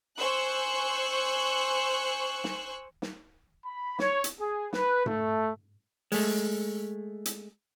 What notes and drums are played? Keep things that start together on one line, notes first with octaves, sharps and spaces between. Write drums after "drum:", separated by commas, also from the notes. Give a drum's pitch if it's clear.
C5 G#5 C#6 E6 F#6
drum: snare
drum: snare
B5
C#5, drum: snare
drum: hi-hat
G#4
B4, drum: snare
A3, drum: tom G#2
G#3 A3, drum: open hi-hat
drum: hi-hat